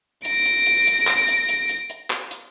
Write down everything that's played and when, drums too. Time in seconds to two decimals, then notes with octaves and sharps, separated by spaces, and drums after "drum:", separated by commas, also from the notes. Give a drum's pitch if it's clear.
0.25 A#6 D7, drum: hi-hat
0.46 drum: hi-hat
0.66 drum: hi-hat
0.87 drum: hi-hat
1.07 drum: clap
1.28 drum: hi-hat
1.49 drum: hi-hat
1.69 drum: hi-hat
1.90 drum: hi-hat
2.10 drum: clap
2.31 drum: hi-hat